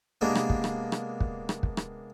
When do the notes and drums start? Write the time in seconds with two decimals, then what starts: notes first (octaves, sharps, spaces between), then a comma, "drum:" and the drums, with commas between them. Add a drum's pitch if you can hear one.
0.21 C3 G#3 A#3 B3 D4
0.35 drum: rim click
0.50 drum: kick
0.64 drum: rim click
0.92 drum: rim click
1.20 drum: kick
1.49 drum: rim click
1.63 drum: kick
1.77 drum: rim click